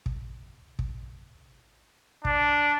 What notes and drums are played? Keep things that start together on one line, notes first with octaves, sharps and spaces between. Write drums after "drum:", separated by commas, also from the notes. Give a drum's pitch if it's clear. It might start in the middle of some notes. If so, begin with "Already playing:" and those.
drum: kick
drum: kick
D4, drum: kick